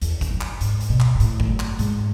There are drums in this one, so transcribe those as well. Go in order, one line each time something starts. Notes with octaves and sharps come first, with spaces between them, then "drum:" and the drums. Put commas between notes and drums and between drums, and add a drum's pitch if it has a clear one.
E2, drum: hi-hat
drum: kick G1, hi-hat
F#2
drum: clap
G#2, drum: hi-hat
drum: hi-hat
B2
drum: clap
B2
A2, drum: hi-hat
drum: kick G1
F#2
drum: clap
G#2, drum: hi-hat